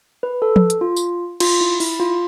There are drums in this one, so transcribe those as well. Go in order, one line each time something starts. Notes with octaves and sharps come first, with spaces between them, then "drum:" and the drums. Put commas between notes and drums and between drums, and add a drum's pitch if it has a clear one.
B4
A4
drum: tom F3
drum: hi-hat
F4
drum: tambourine
F4, drum: cymbal
E4
E4, drum: open hi-hat
F4